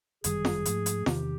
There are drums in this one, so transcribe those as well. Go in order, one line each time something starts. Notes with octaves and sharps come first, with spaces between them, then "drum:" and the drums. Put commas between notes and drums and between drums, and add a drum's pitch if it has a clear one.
G1 F#2 D#3 G3 G#4, drum: hi-hat
drum: snare F4
G#2 F3 A3, drum: hi-hat
drum: hi-hat
E2 C3 D#3 G4, drum: snare F4